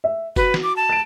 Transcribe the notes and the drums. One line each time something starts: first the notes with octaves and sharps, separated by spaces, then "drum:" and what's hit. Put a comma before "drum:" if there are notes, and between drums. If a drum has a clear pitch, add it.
E5
F#4 B4, drum: kick F#1, tambourine
drum: snare
D6
A5
A6 D7